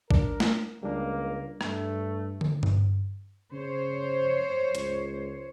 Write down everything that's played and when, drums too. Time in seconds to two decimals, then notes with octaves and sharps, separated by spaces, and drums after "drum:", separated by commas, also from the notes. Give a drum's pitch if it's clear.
0.11 D4 A#4, drum: kick
0.40 drum: snare
0.83 C#2 G3 A#3 D4
1.61 G2 A3, drum: rim click
2.41 drum: tom
2.63 drum: tom G2
3.53 C#3 C5 C#5
4.75 C#2, drum: hi-hat